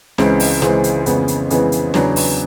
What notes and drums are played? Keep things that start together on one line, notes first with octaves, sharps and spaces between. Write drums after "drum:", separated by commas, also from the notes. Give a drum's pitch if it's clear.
C#2 C#3 E3 G#3 C4, drum: snare
drum: open hi-hat
C#2 C#3 E3 G#3 C4, drum: snare
drum: hi-hat
F2 C#3 E3 G#3 B3, drum: hi-hat
drum: hi-hat
F2 C#3 E3 G#3 B3, drum: hi-hat
drum: hi-hat
E2 C#3 F#3 B3 D4, drum: snare
drum: open hi-hat